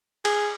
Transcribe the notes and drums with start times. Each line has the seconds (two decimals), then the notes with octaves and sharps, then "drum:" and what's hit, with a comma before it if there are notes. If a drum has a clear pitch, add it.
0.25 G#4, drum: cymbal